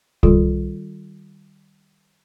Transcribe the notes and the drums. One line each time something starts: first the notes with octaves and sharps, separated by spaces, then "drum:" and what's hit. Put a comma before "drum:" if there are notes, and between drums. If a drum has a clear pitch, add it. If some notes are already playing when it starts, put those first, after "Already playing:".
D#3 G3 F4 A4, drum: kick C2